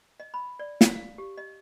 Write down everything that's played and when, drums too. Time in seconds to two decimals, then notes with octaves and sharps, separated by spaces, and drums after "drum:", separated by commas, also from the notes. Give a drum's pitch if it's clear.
0.20 D#5
0.34 B5
0.59 D5
0.81 F5, drum: snare
0.95 F5
1.18 G4
1.37 D#5